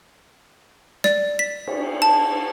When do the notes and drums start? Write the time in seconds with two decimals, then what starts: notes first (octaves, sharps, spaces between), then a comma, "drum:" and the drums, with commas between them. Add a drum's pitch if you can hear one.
1.04 D5, drum: snare
1.39 B6
1.67 drum: cymbal
2.02 A5